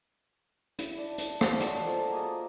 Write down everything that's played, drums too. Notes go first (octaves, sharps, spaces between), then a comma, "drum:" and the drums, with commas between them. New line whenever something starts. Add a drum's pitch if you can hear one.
E4, drum: hi-hat
D4
drum: hi-hat
B4 A5, drum: rim click
F#3 D4 D#5 D6, drum: hi-hat
F4 A4 C5
A#3 G#4 D#5